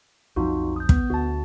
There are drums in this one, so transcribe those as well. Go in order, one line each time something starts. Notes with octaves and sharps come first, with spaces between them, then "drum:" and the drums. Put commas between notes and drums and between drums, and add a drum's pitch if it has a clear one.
B1 F2 F3 D#4 F4 F#4
D#6 G6
B3, drum: kick
D2 F#4 A5